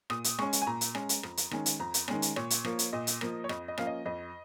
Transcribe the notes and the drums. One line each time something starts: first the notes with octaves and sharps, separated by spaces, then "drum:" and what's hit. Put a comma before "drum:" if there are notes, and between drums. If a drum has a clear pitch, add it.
A#2 D#6, drum: rim click
drum: hi-hat
G#3 C#4 C#6, drum: rim click
drum: hi-hat
G#5
A#2 A#5
drum: hi-hat
G#3 C#4, drum: rim click
drum: hi-hat
F2, drum: rim click
drum: hi-hat
D#3 G#3 C#4, drum: rim click
drum: hi-hat
F2 A#5
drum: hi-hat
D#3 G#3 C#4, drum: rim click
drum: hi-hat
A#2 C#5, drum: rim click
drum: hi-hat
F3 A#3, drum: rim click
drum: hi-hat
A#2 D#5
drum: hi-hat
F3 A#3, drum: rim click
C#5
F2 D#5, drum: rim click
D#5
F3 A#3 C#4 F5, drum: rim click
D#5
F2 D#5